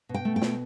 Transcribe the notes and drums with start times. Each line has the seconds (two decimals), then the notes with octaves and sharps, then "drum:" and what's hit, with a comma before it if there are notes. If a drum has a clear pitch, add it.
0.09 B2
0.14 G5
0.25 A3
0.36 G5
0.42 B2, drum: snare